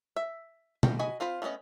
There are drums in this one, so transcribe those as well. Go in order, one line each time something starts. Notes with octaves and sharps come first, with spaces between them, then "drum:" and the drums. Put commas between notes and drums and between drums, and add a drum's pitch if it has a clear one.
E5
E3 G3 F#4 G5, drum: tom B2
F#4 D#5 G#5 B5
C4 F4 C5 B5
F3 A3 B3 C#4 D#5